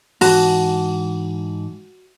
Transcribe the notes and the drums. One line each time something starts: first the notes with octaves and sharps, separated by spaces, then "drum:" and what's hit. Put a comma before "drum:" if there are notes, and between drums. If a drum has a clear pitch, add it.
G#2 E3 F#4 A5, drum: open hi-hat